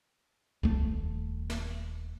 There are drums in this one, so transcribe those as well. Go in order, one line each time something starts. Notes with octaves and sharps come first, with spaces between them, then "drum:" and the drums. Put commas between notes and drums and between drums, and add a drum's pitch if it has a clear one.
D#1 A3, drum: kick C2
drum: snare